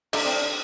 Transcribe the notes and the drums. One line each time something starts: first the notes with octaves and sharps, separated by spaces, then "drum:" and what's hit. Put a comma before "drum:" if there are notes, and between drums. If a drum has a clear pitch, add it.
D3 D4, drum: cymbal
C4
D4